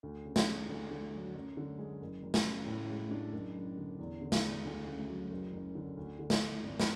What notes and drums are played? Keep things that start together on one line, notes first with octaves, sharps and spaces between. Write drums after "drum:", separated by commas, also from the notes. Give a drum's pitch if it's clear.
D2
C#3
drum: snare
G#3
D2
D3
F#3
F#2
D3
G#3
F#1
F#2
drum: snare
C#3
A2
G#3
D4
F#1
F#2
D3
E2
D3
drum: snare
G#3
D2
C#3
F#3
F#1
F#2
D3
D2
D3
drum: snare
A3
G#1
drum: snare